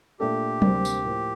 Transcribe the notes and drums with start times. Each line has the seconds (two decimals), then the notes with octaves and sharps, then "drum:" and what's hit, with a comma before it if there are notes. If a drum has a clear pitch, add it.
0.20 A#2 A3 D4 G4 A4
0.62 D2 C3 G3 A#3, drum: tom F#3
0.85 drum: tambourine
1.04 A2 F3 A#3